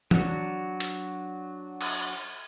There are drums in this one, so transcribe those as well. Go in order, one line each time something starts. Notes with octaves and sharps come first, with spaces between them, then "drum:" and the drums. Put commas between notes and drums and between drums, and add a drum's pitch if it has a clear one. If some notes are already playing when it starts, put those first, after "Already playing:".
F#3 D4 F#4, drum: tom E3
drum: hi-hat
drum: cymbal